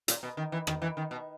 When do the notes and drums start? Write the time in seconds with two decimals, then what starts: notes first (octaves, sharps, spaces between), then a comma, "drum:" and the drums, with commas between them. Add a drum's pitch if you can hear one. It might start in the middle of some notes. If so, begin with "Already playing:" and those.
0.08 A#2, drum: hi-hat
0.23 B2
0.37 D#3
0.52 E3
0.67 D#3, drum: rim click
0.82 E3
0.97 D#3
1.11 B2